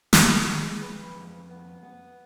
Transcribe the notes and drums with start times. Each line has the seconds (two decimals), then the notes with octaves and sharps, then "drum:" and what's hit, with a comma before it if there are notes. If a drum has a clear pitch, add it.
0.13 C#2, drum: snare
0.47 G#3
0.82 F2 B4
1.16 F2
1.49 B3
1.83 B3